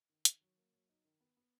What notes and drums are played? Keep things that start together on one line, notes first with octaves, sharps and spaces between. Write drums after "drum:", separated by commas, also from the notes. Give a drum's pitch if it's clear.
D#3
D#3, drum: hi-hat
F#3
A#3
F#3
D#4
D#3
B3
B3